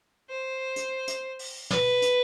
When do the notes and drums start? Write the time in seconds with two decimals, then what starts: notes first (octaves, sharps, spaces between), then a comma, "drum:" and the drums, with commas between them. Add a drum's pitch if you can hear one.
0.29 C5
0.76 drum: hi-hat
1.08 drum: hi-hat
1.39 drum: open hi-hat
1.71 B4, drum: snare
2.02 drum: hi-hat